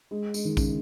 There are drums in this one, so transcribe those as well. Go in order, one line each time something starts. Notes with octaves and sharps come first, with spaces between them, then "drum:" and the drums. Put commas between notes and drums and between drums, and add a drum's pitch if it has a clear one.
G#3
G#3, drum: tambourine
D#3
C#3, drum: kick, tambourine